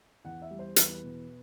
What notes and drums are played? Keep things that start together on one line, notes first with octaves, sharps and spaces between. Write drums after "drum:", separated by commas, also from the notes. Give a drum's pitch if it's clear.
E2 F#5
E5
G3
C5
E2 B4, drum: hi-hat
B2